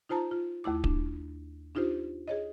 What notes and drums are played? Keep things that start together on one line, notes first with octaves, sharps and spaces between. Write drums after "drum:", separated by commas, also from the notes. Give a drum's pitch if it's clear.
D#4 F4 C5 A5 A#5
F4
D#2 A3 E4 D6
D4, drum: kick D1
D4 D#4 F4 G4 C5
G#4 C#5 D#5